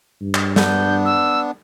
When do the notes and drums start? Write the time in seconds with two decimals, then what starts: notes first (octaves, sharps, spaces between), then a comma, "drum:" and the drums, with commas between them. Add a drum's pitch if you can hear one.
0.21 G2
0.34 drum: clap
0.56 B3 D4 G6, drum: snare
1.05 E6